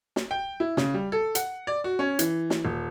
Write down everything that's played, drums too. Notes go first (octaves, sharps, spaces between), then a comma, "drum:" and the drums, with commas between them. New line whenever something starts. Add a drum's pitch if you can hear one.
drum: snare
G5
E4
C#3, drum: snare
G3
A4
F#5, drum: hi-hat
D5
F#4
C#4
E3, drum: hi-hat
drum: snare
D#1